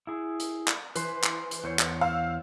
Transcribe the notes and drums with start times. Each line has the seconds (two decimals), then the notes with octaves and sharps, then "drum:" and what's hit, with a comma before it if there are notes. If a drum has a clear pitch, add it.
0.07 E4 G#4
0.40 drum: hi-hat
0.68 drum: clap
0.96 E3 B4 C5, drum: hi-hat
1.23 drum: clap
1.51 drum: hi-hat
1.64 E2 C5 C#5
1.79 drum: clap
2.01 F5 E6